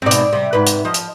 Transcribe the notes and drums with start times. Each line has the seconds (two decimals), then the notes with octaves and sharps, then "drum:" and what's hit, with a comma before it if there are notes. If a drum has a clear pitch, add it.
0.02 G#2 B2 C4 D5
0.11 drum: hi-hat
0.33 C3 G3
0.53 G#2 C3 B4
0.67 drum: hi-hat
0.85 F3 D#5
0.94 drum: hi-hat